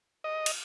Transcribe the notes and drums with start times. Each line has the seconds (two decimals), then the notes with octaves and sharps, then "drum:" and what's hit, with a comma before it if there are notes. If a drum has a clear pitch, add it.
0.24 D#5
0.46 drum: cymbal